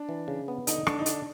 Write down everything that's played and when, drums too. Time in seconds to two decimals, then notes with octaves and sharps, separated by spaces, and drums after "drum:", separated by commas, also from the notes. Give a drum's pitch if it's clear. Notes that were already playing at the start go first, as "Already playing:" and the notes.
Already playing: D4
0.09 E3
0.28 C#3
0.48 B3
0.67 D3 D#4, drum: hi-hat
0.87 D3 D4, drum: rim click
0.99 D#4
1.06 D3 D4, drum: hi-hat